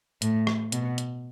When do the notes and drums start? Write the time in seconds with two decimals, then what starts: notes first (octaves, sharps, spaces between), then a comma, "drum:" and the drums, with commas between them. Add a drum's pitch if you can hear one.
0.22 A2, drum: hi-hat
0.47 drum: rim click
0.72 B2, drum: hi-hat
0.98 drum: hi-hat